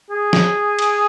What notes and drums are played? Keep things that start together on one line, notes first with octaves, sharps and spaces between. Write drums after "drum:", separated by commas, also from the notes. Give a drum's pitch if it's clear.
G#4
drum: snare
drum: cymbal